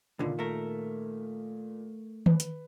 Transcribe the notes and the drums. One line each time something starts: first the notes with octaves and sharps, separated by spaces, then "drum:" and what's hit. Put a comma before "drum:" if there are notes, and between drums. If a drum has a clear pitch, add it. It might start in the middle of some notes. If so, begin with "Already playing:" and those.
C#2 A#2 D3 D#3
A3 A#4
B4, drum: tom D#3
drum: hi-hat